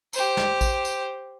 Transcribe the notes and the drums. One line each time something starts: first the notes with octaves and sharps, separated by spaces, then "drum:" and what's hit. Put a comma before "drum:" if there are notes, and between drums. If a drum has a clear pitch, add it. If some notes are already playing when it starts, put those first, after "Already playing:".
G4 C5, drum: tambourine
drum: snare
drum: kick A1, tambourine
drum: tambourine